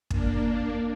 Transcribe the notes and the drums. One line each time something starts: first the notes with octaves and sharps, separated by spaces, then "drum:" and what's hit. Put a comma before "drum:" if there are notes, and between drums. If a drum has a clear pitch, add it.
A#3 D4, drum: kick